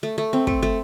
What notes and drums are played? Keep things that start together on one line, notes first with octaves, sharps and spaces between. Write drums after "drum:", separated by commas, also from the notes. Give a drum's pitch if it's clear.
A3
A3
C4
A3, drum: kick
A3